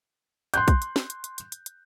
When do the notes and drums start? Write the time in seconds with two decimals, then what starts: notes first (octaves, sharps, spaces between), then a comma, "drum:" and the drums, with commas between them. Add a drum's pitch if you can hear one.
0.54 C6 F#6 G6, drum: hi-hat
0.68 drum: kick, hi-hat
0.82 drum: hi-hat
0.96 drum: snare
1.10 drum: hi-hat
1.24 drum: hi-hat
1.38 drum: hi-hat
1.52 drum: hi-hat
1.66 drum: hi-hat